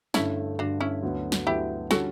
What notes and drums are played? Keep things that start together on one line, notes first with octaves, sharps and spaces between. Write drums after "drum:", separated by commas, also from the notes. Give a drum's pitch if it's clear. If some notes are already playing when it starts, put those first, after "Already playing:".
G2 D3 A3 C#4 E4, drum: snare
G2 D3 A3 D4 F#4
C#4 E4
D2 D3 F#3 B3
drum: snare
D2 D3 F#3 B3 E4 G4
D3 G3 C#4 E4 F#4 A4, drum: snare